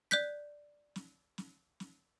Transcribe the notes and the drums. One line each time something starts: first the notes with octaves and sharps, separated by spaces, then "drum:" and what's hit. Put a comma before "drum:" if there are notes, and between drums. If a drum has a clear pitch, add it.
D5 F#6 G6 B6, drum: snare
drum: snare
drum: snare
drum: snare